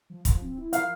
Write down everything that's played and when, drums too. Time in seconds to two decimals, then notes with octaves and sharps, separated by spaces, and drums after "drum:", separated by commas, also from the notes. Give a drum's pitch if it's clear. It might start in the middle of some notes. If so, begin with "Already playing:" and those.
0.10 F3
0.25 F3, drum: kick, hi-hat
0.41 C4
0.58 E4
0.73 F3 F5, drum: hi-hat